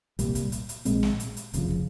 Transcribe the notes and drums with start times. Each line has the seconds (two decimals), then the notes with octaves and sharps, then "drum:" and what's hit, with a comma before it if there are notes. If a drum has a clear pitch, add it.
0.19 C2 A#2 G3, drum: hi-hat
0.35 drum: kick, hi-hat
0.52 drum: hi-hat
0.69 drum: hi-hat
0.85 A#1 A#2 G#3 C4, drum: hi-hat
1.03 drum: snare
1.20 drum: hi-hat
1.37 drum: hi-hat
1.54 F1 E2 C#3 F3, drum: hi-hat
1.70 drum: kick